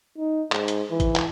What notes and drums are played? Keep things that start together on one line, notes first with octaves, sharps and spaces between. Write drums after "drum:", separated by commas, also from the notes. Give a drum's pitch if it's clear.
D#4
G#2, drum: clap
drum: hi-hat
E3
drum: kick, hi-hat
drum: clap